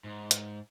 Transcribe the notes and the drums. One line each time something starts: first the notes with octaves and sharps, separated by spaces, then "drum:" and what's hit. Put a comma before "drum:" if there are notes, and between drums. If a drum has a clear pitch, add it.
G#2
drum: hi-hat